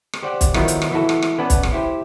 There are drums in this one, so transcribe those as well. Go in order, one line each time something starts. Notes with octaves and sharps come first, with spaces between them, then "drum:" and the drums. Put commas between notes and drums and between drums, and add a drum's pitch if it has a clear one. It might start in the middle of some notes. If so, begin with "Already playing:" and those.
drum: rim click
G4 C5 D5 F#5
drum: kick, hi-hat
D#3 F3 F#3 B3 D#4 E4, drum: rim click
drum: hi-hat
drum: rim click
E3 E4 F#4 A4
drum: rim click
drum: rim click
B3 C#4 B4 D5 F#5 A5
drum: kick, hi-hat
drum: rim click
E4 G4 C5